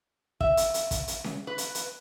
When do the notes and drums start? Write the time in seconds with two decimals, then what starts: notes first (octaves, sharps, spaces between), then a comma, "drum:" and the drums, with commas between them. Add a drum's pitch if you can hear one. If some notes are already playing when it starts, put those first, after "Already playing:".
0.40 E5, drum: kick
0.57 drum: hi-hat
0.74 drum: hi-hat
0.91 drum: kick, hi-hat
1.08 drum: hi-hat
1.24 drum: snare C#4
1.47 B4
1.58 drum: hi-hat
1.75 drum: hi-hat